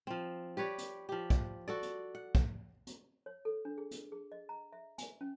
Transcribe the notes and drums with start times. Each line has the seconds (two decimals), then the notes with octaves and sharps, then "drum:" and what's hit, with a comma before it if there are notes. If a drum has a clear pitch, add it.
0.07 F3 C4
0.57 G4 B4 C#5 D5
0.78 drum: hi-hat
1.09 F3 G4
1.30 drum: kick, hi-hat
1.68 F#4 A4 D5
1.83 drum: hi-hat
2.15 F#5
2.35 drum: kick, hi-hat
2.87 drum: hi-hat
3.26 C#5
3.45 A4
3.65 D4
3.78 G#4
3.91 drum: hi-hat
4.12 G#4
4.32 D#5
4.49 A#5
4.73 E5
4.98 G#5, drum: hi-hat
5.21 C#4